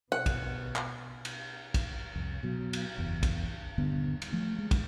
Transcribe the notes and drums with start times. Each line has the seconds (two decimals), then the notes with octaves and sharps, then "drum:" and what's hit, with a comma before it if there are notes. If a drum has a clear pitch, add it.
0.12 B2 F#5
0.26 drum: kick, cymbal
0.75 drum: clap
1.25 drum: cymbal
1.74 drum: kick, cymbal
2.16 C2 F2
2.43 B2 F#3
2.73 drum: cymbal
2.98 F#1 E2
3.23 drum: kick, cymbal
3.78 D#1 G2 D3 B3
4.22 drum: cymbal
4.33 F3 A3
4.59 G#3
4.71 drum: kick, cymbal